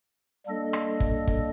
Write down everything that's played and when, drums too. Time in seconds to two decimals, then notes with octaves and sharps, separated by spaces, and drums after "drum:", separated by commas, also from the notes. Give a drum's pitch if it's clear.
0.46 G3 A#3 D4 A4 D#5
0.73 drum: rim click
1.00 drum: kick
1.27 drum: kick